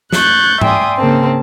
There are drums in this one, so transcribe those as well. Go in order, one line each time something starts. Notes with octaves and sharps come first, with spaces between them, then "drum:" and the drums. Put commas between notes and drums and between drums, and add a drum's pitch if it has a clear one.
C#6 F#6 G6 A6, drum: snare
D5 E5 G5 G#5 C6 D#6, drum: tom G#2
C#3 A#3 C4 A5